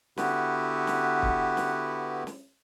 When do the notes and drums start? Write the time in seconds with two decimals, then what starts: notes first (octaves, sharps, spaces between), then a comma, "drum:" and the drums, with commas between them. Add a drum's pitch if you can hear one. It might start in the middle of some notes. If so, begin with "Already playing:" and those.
0.17 D3 B3 E4 F#4 G4 B4, drum: snare
0.87 drum: snare
1.22 drum: kick
1.57 drum: snare
2.27 drum: snare